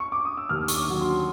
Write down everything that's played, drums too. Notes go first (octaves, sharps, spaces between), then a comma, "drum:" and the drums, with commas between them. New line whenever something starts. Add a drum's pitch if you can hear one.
C#6
D6
D#6
E6
D#2 F6
C#6, drum: hi-hat
D6
D3 F#3
C6